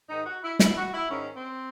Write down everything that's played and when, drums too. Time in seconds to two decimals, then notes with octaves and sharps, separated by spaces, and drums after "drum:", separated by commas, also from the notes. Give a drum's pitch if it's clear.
0.09 G#2 D#3 D#4
0.26 F#4
0.43 E4
0.59 G#2 D#3 E4, drum: snare
0.77 F#4
0.94 E4
1.10 G#2 D#3 C#4
1.36 C4